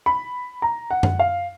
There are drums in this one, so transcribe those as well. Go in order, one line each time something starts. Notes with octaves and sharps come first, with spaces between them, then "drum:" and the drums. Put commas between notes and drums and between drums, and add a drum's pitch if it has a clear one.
B5
A#5
F#5
drum: tom F#2
F5